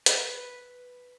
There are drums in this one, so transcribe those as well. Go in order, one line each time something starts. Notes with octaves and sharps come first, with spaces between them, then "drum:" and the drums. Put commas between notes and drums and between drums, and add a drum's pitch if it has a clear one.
B4, drum: hi-hat